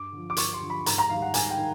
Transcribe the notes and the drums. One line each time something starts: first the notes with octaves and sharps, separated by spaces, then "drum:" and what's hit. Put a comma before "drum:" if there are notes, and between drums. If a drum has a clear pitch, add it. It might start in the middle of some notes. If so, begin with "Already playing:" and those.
Already playing: G2 D6
D3 F3
D6
G2 C#6, drum: hi-hat
C6
D3 F3
B5
G#2 A#5, drum: hi-hat
A#5
D#3 G3 F5
F#5
G#2 G#5, drum: hi-hat
G5
D#3